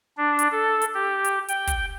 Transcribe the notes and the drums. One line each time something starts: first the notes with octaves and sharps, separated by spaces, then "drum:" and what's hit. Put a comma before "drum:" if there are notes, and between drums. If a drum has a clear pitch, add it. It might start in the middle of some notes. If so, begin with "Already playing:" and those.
D4
drum: hi-hat
A4
drum: hi-hat
G4
drum: hi-hat
G5, drum: hi-hat
drum: kick, hi-hat